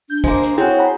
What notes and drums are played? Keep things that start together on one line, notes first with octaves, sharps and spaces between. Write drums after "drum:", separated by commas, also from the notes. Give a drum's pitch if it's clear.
D4 G6
G#3 A#3 C5, drum: kick
drum: hi-hat
C4 E4 F#4 G#4 C#5
F#5 A#5 B5